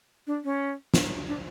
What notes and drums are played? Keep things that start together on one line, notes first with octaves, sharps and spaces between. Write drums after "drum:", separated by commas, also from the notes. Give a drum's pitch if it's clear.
D4
C#4
drum: snare
D4